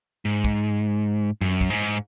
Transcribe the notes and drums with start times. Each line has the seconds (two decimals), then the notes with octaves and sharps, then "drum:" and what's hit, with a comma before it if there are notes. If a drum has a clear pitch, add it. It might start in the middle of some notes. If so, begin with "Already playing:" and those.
0.25 G#2
0.44 drum: kick
1.41 F#2, drum: tom F#2
1.61 drum: kick
1.70 G#2